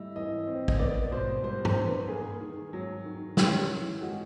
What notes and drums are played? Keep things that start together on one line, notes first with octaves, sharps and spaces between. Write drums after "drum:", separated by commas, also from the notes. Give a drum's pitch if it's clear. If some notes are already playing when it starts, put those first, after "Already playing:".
Already playing: A2 G3 D#5 E5
E3 D#5
C4
D#5, drum: kick
B3 D5
B2 C5
G3 C5
C5, drum: tom
D4
B4
A#3 G#4
D#3
F#3
D#3
C#4 G4, drum: snare
E3
G#3 F#4